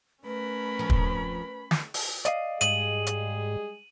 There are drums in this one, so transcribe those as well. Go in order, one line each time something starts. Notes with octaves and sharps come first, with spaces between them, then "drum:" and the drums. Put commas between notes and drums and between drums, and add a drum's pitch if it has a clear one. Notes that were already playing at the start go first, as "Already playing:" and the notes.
A3 C#4 A#4 B4 B5
F3 C4
drum: kick
drum: snare
drum: open hi-hat
D5 D#5 F5, drum: hi-hat
G#2 G3 G#3 G#4 D#7 F#7, drum: hi-hat
drum: hi-hat